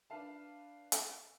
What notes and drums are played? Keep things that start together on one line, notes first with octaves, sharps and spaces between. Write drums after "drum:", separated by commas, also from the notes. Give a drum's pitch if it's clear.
D4 B4 E5 F5 A5
drum: hi-hat